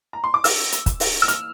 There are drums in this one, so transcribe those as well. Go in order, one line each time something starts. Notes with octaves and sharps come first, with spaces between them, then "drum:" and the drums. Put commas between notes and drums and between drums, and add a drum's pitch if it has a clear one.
A#5
C6
D6
E6, drum: open hi-hat
drum: hi-hat
drum: kick, hi-hat
drum: open hi-hat
E6
F6, drum: hi-hat